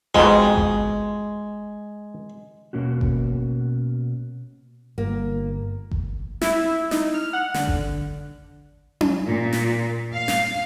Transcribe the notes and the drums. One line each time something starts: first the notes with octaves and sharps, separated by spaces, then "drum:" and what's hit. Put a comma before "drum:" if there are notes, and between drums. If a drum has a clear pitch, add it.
F2 G#2 B2 G#3, drum: kick G1
drum: kick G1
B2 A#3 C#4 F#4
drum: kick G1
G1 A#3
drum: kick G1
E4, drum: snare
D#4, drum: snare
F6
F#5
D3, drum: snare
drum: kick G1
drum: tom C#4
A#2
drum: snare
F5
drum: snare